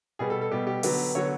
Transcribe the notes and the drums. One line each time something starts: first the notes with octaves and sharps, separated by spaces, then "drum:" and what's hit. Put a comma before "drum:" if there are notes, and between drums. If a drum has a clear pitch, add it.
B2 G3 B3 G#4
A4
A4
B2 G3 B3 G4
G4
D3 F#3 B3, drum: open hi-hat
D3 F#3 B3 C#5